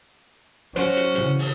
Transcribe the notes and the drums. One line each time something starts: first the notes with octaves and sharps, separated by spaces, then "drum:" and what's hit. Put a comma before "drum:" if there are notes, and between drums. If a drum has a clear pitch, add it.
F#3 C#4 F#4 C5, drum: hi-hat
drum: hi-hat
C#3 E3, drum: hi-hat
drum: open hi-hat